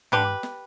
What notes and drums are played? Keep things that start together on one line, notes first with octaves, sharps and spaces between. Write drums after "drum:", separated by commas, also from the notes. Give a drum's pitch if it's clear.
D3 G4 B4, drum: tom
drum: snare